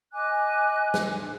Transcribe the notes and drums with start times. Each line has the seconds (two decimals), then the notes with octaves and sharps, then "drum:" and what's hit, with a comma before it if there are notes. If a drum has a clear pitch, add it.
0.13 D#5 G#5 D6 F#6
0.94 drum: snare